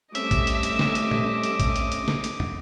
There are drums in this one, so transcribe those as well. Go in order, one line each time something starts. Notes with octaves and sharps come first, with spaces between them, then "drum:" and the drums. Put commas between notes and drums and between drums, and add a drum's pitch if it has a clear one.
G3 A3 C4 C#4 D#5 E5 D6, drum: hi-hat
drum: kick, hi-hat
drum: hi-hat
drum: hi-hat
drum: snare
drum: hi-hat
drum: tom
drum: hi-hat
drum: kick, hi-hat
drum: hi-hat
drum: hi-hat
drum: snare
drum: hi-hat
drum: tom